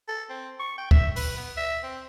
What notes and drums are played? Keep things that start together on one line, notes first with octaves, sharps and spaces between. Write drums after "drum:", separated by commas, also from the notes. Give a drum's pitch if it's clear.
A4
C4
C#6
G5
E5, drum: kick D2
B4, drum: open hi-hat
B3
E5
C4